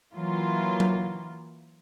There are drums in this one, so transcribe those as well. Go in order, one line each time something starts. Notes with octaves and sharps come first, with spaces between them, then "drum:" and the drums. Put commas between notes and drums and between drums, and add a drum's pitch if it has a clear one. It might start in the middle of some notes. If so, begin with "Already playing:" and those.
E3 F#3 A#3 F4
drum: tom F#3